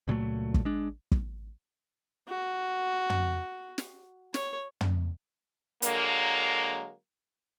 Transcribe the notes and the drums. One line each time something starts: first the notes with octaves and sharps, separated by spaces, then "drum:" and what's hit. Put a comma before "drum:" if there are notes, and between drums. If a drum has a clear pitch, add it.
C#2 A#2 F#3 A3
drum: kick
G#3 D4
drum: kick
F#4
drum: tom
drum: snare
C#5, drum: snare
drum: tom
D3 F#3 G#3 A#3, drum: hi-hat